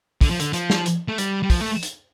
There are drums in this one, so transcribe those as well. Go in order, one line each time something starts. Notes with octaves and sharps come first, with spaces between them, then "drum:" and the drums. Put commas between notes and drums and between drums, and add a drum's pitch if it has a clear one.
D3, drum: kick, open hi-hat
F3
D3, drum: hi-hat
F3, drum: hi-hat
drum: snare
drum: hi-hat
A3
G3, drum: hi-hat
G3
F3, drum: kick, open hi-hat
A3
drum: hi-hat